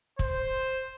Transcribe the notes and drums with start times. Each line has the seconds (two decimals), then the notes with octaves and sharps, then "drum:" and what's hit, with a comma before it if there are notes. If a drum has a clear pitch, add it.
0.19 C5, drum: kick